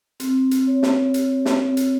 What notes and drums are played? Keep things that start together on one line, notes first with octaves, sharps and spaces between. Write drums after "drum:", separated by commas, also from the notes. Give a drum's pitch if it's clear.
C4, drum: hi-hat
drum: hi-hat
C#5
drum: snare
G4, drum: hi-hat
drum: snare
C4
drum: hi-hat